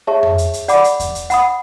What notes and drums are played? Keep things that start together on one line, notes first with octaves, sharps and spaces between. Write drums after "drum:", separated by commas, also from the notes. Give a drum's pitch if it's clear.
G#4 C#5 E5 A5 C#6
drum: tom F2
drum: hi-hat
drum: hi-hat
D5 F#5 B5 D6, drum: hi-hat
drum: hi-hat
drum: kick E2, hi-hat
drum: hi-hat
F#5 B5 D#6, drum: hi-hat